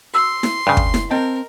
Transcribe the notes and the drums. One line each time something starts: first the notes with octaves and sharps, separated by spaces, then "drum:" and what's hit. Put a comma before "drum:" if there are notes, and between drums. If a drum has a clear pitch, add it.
F#4 C6 E6
drum: snare E4
G2 C#3
drum: kick
drum: snare E4
C4 A#4 D#5 G5 A5